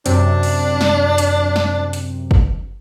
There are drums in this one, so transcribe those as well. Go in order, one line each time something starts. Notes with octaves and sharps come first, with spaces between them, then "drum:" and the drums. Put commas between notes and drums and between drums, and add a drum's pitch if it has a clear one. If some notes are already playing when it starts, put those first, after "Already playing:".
F#2 C3 D4, drum: hi-hat
drum: open hi-hat
drum: snare
drum: hi-hat
drum: snare
drum: hi-hat
drum: kick